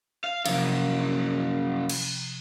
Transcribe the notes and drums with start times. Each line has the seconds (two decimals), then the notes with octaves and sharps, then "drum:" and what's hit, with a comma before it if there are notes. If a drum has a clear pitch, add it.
0.24 F5
0.46 F#2 C3 F3 A#3, drum: cymbal
1.89 drum: cymbal